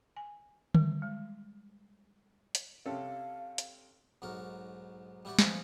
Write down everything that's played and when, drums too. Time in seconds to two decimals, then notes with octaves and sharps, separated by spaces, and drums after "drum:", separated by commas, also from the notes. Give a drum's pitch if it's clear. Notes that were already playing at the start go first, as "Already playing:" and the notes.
0.16 G#5
0.75 G3, drum: tom D3
1.02 G#3
2.55 drum: hi-hat
2.86 C3 C#4 A4 F5
3.58 drum: hi-hat
4.22 B1 G#2 F#4 A#4
5.25 G3 E4 F#4 G4 D5
5.39 F3 G#3 F4 G#4 B4, drum: snare